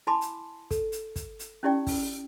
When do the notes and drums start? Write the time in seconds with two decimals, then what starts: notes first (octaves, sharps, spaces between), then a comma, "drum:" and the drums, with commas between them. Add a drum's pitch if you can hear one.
0.07 E4 G#5 A5 B5 C6 D6
0.21 drum: hi-hat
0.71 A4, drum: kick, hi-hat
0.92 drum: hi-hat
1.16 drum: kick, hi-hat
1.39 drum: hi-hat
1.63 C#4 D#4 E4 G4 D5 G5
1.87 drum: kick, open hi-hat